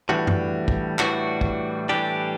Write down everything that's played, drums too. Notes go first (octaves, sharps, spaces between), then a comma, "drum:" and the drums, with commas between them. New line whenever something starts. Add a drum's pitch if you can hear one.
A2 E3 G3 D4 F#4
drum: tom F#2
drum: kick
A2 E3 G3 D4 F#4, drum: clap
drum: kick
A2 E3 G3 D4 G4